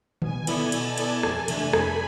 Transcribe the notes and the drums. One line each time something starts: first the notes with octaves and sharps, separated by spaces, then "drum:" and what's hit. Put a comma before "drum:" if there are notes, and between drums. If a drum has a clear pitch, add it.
B2 G#5, drum: tom D3
B3 E4 A4 D5, drum: cymbal
B2 A5, drum: cymbal
B3 E4 A4 D5, drum: cymbal
F2 G#5, drum: rim click
C3 E3 A3 D4, drum: cymbal
F2 B5, drum: rim click